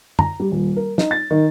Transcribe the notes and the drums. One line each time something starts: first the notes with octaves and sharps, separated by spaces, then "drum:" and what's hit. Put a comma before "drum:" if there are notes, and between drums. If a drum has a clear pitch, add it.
A#5, drum: tom
G3
D#1
A#4
D#4, drum: snare
A6
D#3